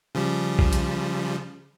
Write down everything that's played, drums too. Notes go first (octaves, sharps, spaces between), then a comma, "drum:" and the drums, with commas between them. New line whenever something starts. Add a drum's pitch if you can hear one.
C#3 F3 G3
drum: kick
drum: hi-hat